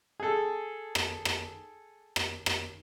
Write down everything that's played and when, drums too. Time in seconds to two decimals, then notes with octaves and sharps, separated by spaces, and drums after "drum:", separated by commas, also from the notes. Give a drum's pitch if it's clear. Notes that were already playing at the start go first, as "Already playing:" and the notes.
0.20 G#4 A4
0.95 drum: rim click
1.25 drum: rim click
2.16 drum: rim click
2.46 drum: rim click